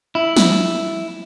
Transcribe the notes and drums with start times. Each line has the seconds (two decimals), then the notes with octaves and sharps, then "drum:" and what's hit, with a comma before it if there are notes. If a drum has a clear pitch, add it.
0.15 E4
0.36 drum: snare